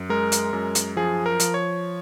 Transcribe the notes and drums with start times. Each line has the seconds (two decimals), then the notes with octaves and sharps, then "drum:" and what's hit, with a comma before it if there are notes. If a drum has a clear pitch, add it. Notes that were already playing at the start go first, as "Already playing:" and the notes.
Already playing: F#2
0.10 G#3 A#4
0.32 drum: hi-hat
0.53 F#2
0.75 drum: hi-hat
0.97 F3 G#4
1.26 A#4
1.40 F3, drum: hi-hat
1.54 C#5